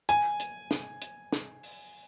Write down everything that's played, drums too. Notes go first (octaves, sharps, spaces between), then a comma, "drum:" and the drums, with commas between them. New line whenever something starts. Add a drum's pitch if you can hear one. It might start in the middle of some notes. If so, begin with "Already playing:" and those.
G#5, drum: hi-hat
drum: hi-hat
drum: snare
drum: hi-hat
drum: snare
drum: open hi-hat